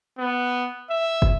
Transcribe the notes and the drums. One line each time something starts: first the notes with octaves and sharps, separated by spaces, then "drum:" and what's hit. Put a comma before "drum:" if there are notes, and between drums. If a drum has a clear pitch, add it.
B3
E5
drum: kick